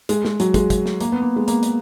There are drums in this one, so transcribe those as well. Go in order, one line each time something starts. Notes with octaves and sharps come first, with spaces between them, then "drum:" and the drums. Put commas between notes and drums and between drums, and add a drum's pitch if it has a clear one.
G#3, drum: hi-hat
G#3, drum: snare
F#3, drum: hi-hat
G#3, drum: kick, hi-hat
drum: kick, hi-hat
drum: snare
A#3, drum: hi-hat
B3
A#3
G#3
A#3, drum: hi-hat
drum: hi-hat